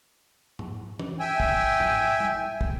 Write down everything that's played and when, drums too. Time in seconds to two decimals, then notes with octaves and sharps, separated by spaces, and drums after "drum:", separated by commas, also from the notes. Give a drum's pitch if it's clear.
0.59 drum: tom G#2
0.99 drum: tom E3
1.20 E5 G5 G#5
1.40 drum: kick
1.80 drum: tom G#2
2.20 drum: tom
2.61 drum: kick